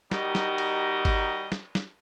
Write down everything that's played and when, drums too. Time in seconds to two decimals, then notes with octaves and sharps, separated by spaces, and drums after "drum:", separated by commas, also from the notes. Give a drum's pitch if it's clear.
0.11 D#3 G3 D#4 F#4 G4 D#5, drum: snare
0.35 drum: snare
0.58 drum: cymbal
1.05 drum: kick G1, cymbal
1.52 drum: snare
1.75 drum: snare